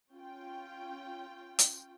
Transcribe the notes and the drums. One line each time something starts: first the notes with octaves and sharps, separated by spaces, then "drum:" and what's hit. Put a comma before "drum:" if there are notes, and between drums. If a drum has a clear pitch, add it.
C#4 F4 G5
drum: hi-hat